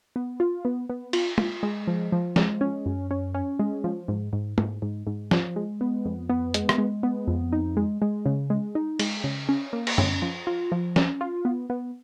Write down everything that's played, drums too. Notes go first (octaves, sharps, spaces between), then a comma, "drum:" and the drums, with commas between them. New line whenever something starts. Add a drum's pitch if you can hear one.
B3
F4
B3
B3
F4, drum: cymbal
F4, drum: tom
G#3
F3
F3
G#3, drum: snare F3
C#4
F#2
C#4
C#4
G#3
F3
G#2
G#2
G#2, drum: tom
G#2
G#2
F3, drum: snare F3
G#3
B3
F2
B3
G#3, drum: hi-hat
drum: rim click
G#3
B3
F2
D#4
G#3
G#3
C#3
G#3
D#4
G#3, drum: cymbal
C#3
C#4
A#3
drum: cymbal
C#4, drum: tom F#2
F3
F4
F3
C#4, drum: snare F3
F4
B3
B3